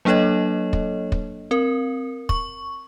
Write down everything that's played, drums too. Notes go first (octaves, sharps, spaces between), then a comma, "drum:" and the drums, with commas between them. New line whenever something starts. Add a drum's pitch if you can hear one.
F#3 A#3 D4 A4 C#5 D#5
drum: kick
drum: kick
C4 A#4
C#6, drum: kick